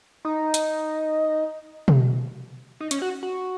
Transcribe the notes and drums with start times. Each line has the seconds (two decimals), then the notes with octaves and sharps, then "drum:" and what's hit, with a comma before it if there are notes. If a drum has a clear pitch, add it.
0.25 D#4
0.54 drum: hi-hat
1.88 drum: tom B2
2.80 D#4
2.91 C#4, drum: hi-hat
3.02 F#4
3.23 F#4